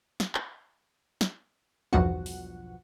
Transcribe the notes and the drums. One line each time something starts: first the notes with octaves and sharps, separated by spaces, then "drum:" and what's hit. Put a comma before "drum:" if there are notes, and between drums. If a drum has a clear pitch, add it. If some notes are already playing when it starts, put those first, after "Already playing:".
drum: snare
drum: clap
drum: snare
B1 E2 G2 F3 F#4 F#5, drum: tom
drum: open hi-hat